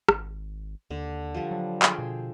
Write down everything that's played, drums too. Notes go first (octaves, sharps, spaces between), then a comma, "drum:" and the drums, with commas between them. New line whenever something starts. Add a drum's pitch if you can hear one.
G#1, drum: rim click
D#2 D3
F3 G3
F#3
G#4 C5 G5, drum: clap
B2